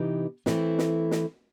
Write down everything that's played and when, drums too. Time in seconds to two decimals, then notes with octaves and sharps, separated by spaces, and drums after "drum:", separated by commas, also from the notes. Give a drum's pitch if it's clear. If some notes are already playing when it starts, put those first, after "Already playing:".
Already playing: C3 E3 B3 D#4 G4
0.46 E3 A3 C4 E4, drum: snare
0.78 drum: snare
1.11 drum: snare